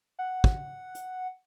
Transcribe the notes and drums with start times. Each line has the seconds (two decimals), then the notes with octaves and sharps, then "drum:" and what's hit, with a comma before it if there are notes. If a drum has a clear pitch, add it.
0.19 F#5
0.44 drum: kick
0.95 drum: hi-hat